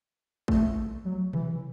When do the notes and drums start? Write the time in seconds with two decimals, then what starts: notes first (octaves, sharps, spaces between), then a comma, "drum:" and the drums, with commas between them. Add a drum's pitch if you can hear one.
0.48 A3, drum: kick
1.05 F#3
1.33 E3, drum: tom B2